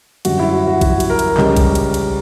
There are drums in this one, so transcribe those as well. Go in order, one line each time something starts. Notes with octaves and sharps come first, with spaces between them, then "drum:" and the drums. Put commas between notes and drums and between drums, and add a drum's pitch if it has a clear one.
F#2 D3 G3 F#4, drum: cymbal
E4
F#4
F#4
F#4, drum: kick A#1, cymbal
drum: cymbal
A#4
drum: cymbal
C#2 C#3 G3, drum: clap
drum: kick A#1, cymbal
drum: cymbal
drum: cymbal